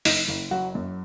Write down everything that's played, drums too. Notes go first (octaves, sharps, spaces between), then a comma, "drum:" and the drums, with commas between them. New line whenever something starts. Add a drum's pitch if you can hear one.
F#1 D#4 D#5, drum: open hi-hat
F#1
F#3 F#4 F#5
F#2